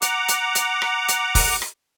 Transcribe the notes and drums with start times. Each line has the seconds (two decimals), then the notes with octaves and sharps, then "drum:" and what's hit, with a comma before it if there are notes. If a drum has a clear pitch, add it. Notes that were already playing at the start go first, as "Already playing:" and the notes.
0.02 F#5 A#5 D6, drum: hi-hat
0.28 drum: hi-hat
0.55 drum: hi-hat
0.82 drum: rim click
1.08 drum: hi-hat
1.35 drum: kick, open hi-hat
1.62 drum: rim click